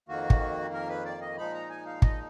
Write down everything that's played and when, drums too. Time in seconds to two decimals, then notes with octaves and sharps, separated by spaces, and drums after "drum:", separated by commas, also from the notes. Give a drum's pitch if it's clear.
0.08 F2 D#3 A#3 F#4
0.30 drum: kick
0.74 A#4
0.89 B4
1.05 D5
1.21 D#5
1.37 A#2 F3 G#3 D#4 B5
1.54 A#5
1.70 G#5
1.86 F5
2.02 D#5, drum: kick